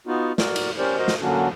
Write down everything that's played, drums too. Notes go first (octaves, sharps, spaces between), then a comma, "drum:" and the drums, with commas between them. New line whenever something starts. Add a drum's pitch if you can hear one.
B3 D#4 F4 F#4
F#4 A#4 D5, drum: snare
drum: cymbal
C#4 G4 A#4 C5 D5
F#4 A#4 C5 D#5
drum: snare
D3 F#3 A#3 C#4 D4 F#4